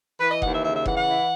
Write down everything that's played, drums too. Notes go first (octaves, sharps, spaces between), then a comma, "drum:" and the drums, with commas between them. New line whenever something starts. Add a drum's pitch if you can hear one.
E3 B4
D#5
D#2 F#5, drum: kick F1
E5
C#3 E5
E5
E3 F#5, drum: kick F1
F#5
E4